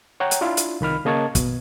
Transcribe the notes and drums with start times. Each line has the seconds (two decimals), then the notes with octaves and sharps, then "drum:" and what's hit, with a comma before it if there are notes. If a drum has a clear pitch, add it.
0.20 C#5 F#5 G5 A#5
0.31 drum: hi-hat
0.41 D4 E4 F4
0.57 drum: hi-hat
0.81 C2 D#3 B5 F6
1.05 C#3 A#3 D#5 A5 C#6 G#6
1.35 B2, drum: kick, hi-hat